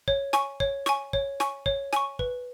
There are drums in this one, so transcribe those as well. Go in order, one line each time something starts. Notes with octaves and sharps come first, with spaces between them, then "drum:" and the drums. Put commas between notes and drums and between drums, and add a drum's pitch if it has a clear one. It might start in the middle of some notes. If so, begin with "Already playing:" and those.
C#5, drum: kick
G#5 C#6, drum: snare
C#5, drum: kick
G#5 C#6, drum: snare
C#5, drum: kick
G#5 C#6, drum: snare
C#5, drum: kick
G#5 C#6, drum: snare
B4, drum: kick